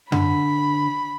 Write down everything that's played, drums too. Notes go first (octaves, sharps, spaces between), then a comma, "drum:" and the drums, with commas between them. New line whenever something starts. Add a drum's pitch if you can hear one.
D3 B5, drum: tom F#2